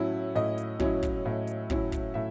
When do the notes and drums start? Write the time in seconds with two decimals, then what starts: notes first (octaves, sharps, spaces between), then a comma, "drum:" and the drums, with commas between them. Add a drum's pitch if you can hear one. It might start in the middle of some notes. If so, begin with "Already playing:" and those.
Already playing: A2 F#3 C#4 E4
0.35 A2 D#5
0.58 drum: hi-hat
0.80 F#3 C#4 E4, drum: kick
1.03 drum: kick, hi-hat
1.26 A2
1.47 drum: hi-hat
1.70 F#3 C#4 E4, drum: kick
1.92 drum: kick, hi-hat
2.14 A2 E5